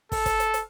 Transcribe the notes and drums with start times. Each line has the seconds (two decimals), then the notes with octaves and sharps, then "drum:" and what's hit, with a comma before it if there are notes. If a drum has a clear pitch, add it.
0.12 A4, drum: kick, open hi-hat
0.26 drum: kick, hi-hat
0.40 drum: hi-hat
0.54 drum: hi-hat